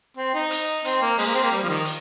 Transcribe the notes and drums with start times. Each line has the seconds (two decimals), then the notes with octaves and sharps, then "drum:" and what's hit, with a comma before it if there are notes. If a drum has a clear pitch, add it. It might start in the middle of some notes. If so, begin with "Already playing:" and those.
0.17 C4
0.34 D#4
0.51 drum: hi-hat
0.85 C4, drum: hi-hat
1.02 A#3
1.18 G#3, drum: open hi-hat
1.26 A#3
1.34 C4
1.43 A#3
1.52 G3
1.63 F3
1.69 D#3
1.85 drum: hi-hat